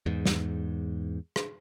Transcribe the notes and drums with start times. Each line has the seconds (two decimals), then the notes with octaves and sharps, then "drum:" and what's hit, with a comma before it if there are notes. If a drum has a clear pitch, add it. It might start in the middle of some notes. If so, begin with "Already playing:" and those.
0.06 E2 G#2
0.25 drum: snare
1.36 drum: rim click